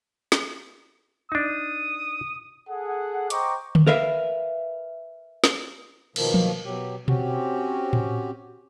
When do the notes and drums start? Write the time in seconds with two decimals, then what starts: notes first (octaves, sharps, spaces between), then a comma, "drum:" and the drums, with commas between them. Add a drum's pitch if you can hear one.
0.32 drum: snare
1.32 D4 D#4 D#6
2.69 G#4 A4 F#5
3.30 C5 D#5 G5 A#5 C#6 D6, drum: hi-hat
3.75 drum: tom D3
3.87 A#4 B4 E5 F5
5.44 drum: snare
6.16 B2 D#3 F3 A#3, drum: cymbal
6.34 drum: tom F3
6.65 B2 F#3 G4
7.08 C4 C#4 F#4 G4, drum: tom B2
7.93 drum: tom A2